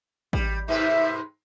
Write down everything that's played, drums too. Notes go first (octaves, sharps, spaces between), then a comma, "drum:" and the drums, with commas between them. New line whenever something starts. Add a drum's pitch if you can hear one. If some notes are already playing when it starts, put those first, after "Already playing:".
G3, drum: kick A1
G#2 C3 B4 E5